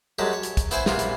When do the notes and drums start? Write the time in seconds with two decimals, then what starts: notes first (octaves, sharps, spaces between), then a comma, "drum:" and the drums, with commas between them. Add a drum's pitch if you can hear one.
0.19 F#2 F#3 G#3 G4 A5
0.33 C#5
0.43 drum: hi-hat
0.57 drum: kick, hi-hat
0.71 B3 E4 C5 G5 G#5, drum: hi-hat
0.86 A#1 C3 E3 B3 F4, drum: snare
0.99 drum: hi-hat